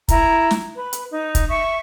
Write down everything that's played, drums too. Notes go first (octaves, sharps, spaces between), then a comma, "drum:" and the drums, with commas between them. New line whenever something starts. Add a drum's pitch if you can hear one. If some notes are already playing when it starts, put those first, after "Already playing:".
E4 A#5, drum: kick, hi-hat
drum: snare
B4
drum: hi-hat
D#4
drum: kick, hi-hat
E5 C#6